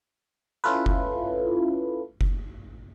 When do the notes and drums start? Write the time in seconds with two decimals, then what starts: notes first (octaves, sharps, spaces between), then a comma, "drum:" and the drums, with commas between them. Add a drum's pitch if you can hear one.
0.64 C#4 E4 F4 A4 B4
0.86 drum: kick F#1
2.21 drum: kick F#1